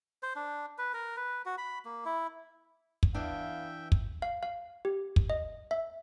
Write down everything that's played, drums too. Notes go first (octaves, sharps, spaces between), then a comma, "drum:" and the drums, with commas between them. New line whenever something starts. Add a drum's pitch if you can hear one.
C5
D4
B4
A#4
B4
F#4
B5
A#3
E4
drum: kick
E3 B3 D4 E5 F5 G5
drum: kick
F5
F5
G4
drum: kick
D#5
E5